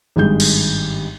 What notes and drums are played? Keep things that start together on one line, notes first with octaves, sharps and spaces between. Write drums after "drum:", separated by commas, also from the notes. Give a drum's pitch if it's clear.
G#1 G2 G#3 G6
drum: cymbal